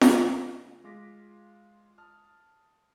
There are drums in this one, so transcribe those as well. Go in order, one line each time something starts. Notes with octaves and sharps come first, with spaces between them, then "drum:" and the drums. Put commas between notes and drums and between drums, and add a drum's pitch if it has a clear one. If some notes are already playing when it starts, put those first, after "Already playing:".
C#3 A3 A#6, drum: snare
G#3 F4 D6 A#6 B6
A5 D#6 F6